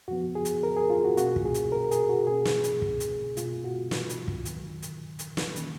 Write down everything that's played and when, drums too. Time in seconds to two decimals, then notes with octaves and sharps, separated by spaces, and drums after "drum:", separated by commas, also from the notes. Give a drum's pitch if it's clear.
0.08 F2 F3 B3 F#4
0.35 G#4
0.45 drum: hi-hat
0.63 A#4
0.77 G#4
0.90 F4
1.04 F#4
1.17 B2 A#3 C#4 F#4, drum: hi-hat
1.36 drum: kick
1.45 G#4
1.54 drum: hi-hat
1.72 A#4
1.91 G#4, drum: hi-hat
2.09 F#4
2.27 B2 A#3 C#4 G#4
2.45 drum: snare
2.64 drum: hi-hat
2.82 drum: kick
3.00 drum: hi-hat
3.37 B2 G#3 B3 F4, drum: hi-hat
3.64 F#4
3.91 drum: snare
4.09 drum: hi-hat
4.28 drum: kick
4.45 F2 D#3 F#3, drum: hi-hat
4.82 drum: hi-hat
5.19 drum: hi-hat
5.37 drum: snare
5.56 D#3 A#3 C#4, drum: hi-hat